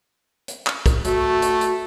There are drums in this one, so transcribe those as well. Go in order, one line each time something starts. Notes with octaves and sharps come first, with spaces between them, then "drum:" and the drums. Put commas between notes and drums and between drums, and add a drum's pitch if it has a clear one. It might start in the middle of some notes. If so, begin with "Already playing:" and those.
drum: hi-hat
drum: clap
drum: kick, hi-hat
A3 F#4, drum: hi-hat
drum: hi-hat
drum: hi-hat